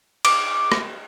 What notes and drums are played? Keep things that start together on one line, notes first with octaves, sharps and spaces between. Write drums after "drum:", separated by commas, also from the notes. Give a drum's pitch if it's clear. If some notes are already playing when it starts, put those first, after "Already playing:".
D6, drum: cymbal
drum: rim click